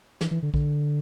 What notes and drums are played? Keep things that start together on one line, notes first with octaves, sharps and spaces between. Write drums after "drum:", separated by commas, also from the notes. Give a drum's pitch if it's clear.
E3, drum: snare
E3
D3
D3, drum: kick A#1